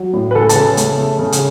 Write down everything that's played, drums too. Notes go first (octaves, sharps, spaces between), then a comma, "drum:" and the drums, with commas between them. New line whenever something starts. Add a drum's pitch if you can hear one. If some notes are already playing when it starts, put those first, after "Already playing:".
Already playing: F#3
A2
B4
C#3 A4
A5, drum: hi-hat
C#3
A3, drum: hi-hat
A3
C#3
drum: hi-hat